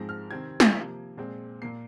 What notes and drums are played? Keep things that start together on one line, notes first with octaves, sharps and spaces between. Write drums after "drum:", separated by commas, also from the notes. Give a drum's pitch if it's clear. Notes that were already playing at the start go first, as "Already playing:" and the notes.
Already playing: G#2 F3 G#3 C4 A#6
F6
C3 D#3 C4 G#6
drum: snare
C3 F3 A#3
A#2 G#3 C4
A#2 A#3 C7